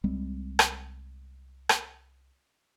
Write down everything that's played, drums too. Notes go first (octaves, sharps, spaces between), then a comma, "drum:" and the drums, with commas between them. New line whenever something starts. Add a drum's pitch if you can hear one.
C2 G3 G#3 C4
drum: rim click
drum: rim click